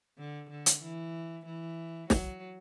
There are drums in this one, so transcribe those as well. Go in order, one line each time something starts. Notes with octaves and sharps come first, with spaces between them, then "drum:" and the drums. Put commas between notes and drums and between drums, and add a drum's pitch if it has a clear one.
D3
D3
drum: hi-hat
E3
E3
F#3, drum: snare